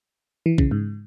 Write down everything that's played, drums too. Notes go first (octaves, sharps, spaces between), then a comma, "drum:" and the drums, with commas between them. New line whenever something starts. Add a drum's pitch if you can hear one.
E3
C#3, drum: kick
G#2